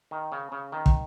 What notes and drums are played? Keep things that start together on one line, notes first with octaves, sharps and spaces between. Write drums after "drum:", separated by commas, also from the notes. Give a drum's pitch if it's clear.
D#3
C#3
C#3
D#3
drum: kick